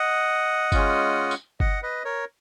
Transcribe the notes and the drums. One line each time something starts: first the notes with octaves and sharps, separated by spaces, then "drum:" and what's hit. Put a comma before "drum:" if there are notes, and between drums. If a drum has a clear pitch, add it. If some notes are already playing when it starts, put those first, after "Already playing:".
Already playing: D#5 F#5
G#3 C#4 F4, drum: kick F#1, tambourine
drum: tambourine
D#5 F#5, drum: kick F#1
B4 D#5
A#4 C#5